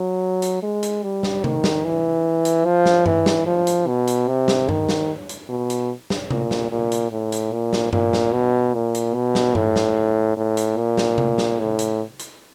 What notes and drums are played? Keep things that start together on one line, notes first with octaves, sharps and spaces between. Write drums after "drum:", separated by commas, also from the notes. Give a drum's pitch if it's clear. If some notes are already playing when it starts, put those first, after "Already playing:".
Already playing: F#3
drum: hi-hat
G#3
drum: hi-hat
G3
drum: snare
D#3, drum: tom C3
drum: snare
E3
drum: hi-hat
F3
drum: snare
E3, drum: tom G2
drum: snare
F3
drum: hi-hat
B2
drum: hi-hat
C3
drum: snare
D#3, drum: tom G2
drum: snare
drum: hi-hat
B2
drum: hi-hat
drum: snare
A#2, drum: tom C3
drum: snare
A#2
drum: hi-hat
A2
drum: hi-hat
A#2
drum: snare
A#2, drum: tom G2
drum: snare
B2
A#2
drum: hi-hat
B2
drum: snare
A2, drum: tom G2
drum: snare
A2
drum: hi-hat
A#2
drum: snare
drum: tom C3
drum: snare
A2
drum: hi-hat
drum: hi-hat